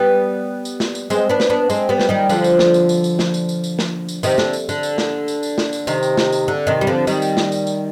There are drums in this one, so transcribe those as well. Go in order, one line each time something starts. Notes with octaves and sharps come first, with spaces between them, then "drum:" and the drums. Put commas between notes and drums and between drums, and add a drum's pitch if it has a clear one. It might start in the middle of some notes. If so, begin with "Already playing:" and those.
Already playing: G3 B3
drum: tambourine
drum: snare
drum: tambourine
G#3 C4, drum: tambourine
B3 D4
drum: snare
B3 D4
G#3 C4, drum: tambourine
G3 B3
drum: snare
D#3 G3
D3 F3, drum: tambourine
drum: tambourine
drum: snare
drum: tambourine
drum: tambourine
drum: tambourine
drum: snare
drum: tambourine
drum: tambourine
drum: tambourine
drum: snare
drum: tambourine
C3 D#3, drum: tambourine
D3, drum: snare
drum: tambourine
D3, drum: tambourine
drum: tambourine
drum: snare
drum: tambourine
drum: tambourine
drum: snare
drum: tambourine
C3 D#3, drum: tambourine
drum: tambourine
drum: snare
drum: tambourine
D3
C3 D#3
G3
D3 F3
D#3 G3, drum: tambourine
drum: tambourine
drum: snare
drum: tambourine
drum: tambourine